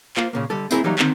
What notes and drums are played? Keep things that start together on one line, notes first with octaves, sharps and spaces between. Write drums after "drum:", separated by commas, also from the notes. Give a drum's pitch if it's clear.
A#3 F4 C5, drum: clap
A#2 C#3 A#3
D3 G3 A4
A3 C4 E4 G#4 A#4, drum: tambourine
E3 F#3 G3 A#3 D4 D#4
D3 D#3 C4, drum: clap